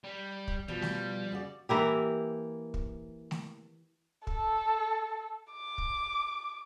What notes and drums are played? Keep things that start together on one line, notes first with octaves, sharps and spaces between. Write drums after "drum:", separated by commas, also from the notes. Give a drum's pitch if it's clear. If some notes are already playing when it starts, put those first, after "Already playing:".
G3
drum: kick
B2 F3 G3
drum: snare A3
C#3 F#4 D5
E3 A#3 E4 G4
drum: kick
drum: snare A3
A4, drum: kick
D6
drum: kick